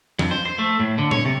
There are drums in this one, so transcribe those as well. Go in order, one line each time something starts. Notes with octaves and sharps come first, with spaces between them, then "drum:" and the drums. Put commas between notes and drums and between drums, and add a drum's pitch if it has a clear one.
F2, drum: tom F3
C5
C5
A3
A2
D3
C#5, drum: tom A#2
C3